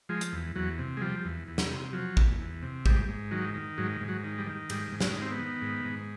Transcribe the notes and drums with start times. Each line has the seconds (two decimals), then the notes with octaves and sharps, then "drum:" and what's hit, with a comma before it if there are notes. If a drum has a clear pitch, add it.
0.09 F3 G#3
0.21 drum: hi-hat
0.33 E2
0.56 E2 F#3
0.79 C3
0.97 G#3
1.01 F3 G3
1.25 E2
1.48 E2
1.58 drum: snare
1.70 C3
1.93 F3 F#3
2.17 E2, drum: kick A1
2.40 E2
2.62 C3
2.86 G#2 G3, drum: kick A1
3.08 G#2
3.31 D#3 F#3
3.54 D#3
3.78 G#2 F#3
4.01 G#2
4.08 F#3
4.24 D#3
4.38 G3
4.46 D#3
4.70 G#2 G3, drum: cymbal
4.92 G#2
5.00 F#3, drum: snare
5.16 D#3
5.22 C4
5.30 B3
5.39 D#3
5.62 G#2
5.85 G#2